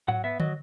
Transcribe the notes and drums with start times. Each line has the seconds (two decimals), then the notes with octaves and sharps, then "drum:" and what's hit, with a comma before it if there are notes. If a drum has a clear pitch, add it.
0.08 F#3 F#5, drum: tom G#2
0.24 B3 E5
0.40 F#3 D#5, drum: tom